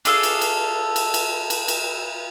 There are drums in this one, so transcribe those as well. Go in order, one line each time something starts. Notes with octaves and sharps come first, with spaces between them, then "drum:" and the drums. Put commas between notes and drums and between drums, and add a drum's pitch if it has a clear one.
D4 G#4 A4 F5, drum: cymbal
drum: cymbal
drum: cymbal
drum: cymbal
drum: cymbal
drum: cymbal
drum: cymbal